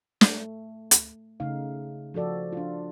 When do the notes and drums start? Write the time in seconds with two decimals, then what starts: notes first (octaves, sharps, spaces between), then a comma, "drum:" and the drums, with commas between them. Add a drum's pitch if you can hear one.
0.21 A3, drum: snare
0.91 drum: hi-hat
1.40 C#3 A3 D#4 F5
2.14 F3 F#4 A4 D5
2.53 D4 F4